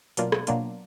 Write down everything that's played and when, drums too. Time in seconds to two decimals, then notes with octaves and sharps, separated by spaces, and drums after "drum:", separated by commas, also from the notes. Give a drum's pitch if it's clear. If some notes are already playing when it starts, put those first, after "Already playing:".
0.17 B2 F#3 A#3 D4 F4, drum: hi-hat
0.32 drum: rim click
0.47 B2 F#3 A#3 D4 F4, drum: hi-hat